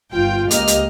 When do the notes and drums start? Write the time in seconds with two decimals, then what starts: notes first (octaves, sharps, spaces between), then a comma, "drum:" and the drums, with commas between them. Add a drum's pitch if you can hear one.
0.12 G1 F4 G5
0.51 C#2 A#3 G4 D#5 F6, drum: hi-hat
0.67 drum: hi-hat